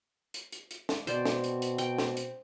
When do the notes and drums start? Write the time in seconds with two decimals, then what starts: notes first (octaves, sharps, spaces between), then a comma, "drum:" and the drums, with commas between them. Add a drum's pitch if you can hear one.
0.34 drum: hi-hat
0.52 drum: hi-hat
0.71 drum: hi-hat
0.89 drum: snare
1.07 B2 C4 C5 D5, drum: hi-hat
1.25 drum: snare
1.44 drum: hi-hat
1.62 drum: hi-hat
1.78 G5, drum: hi-hat
1.98 drum: snare
2.17 drum: hi-hat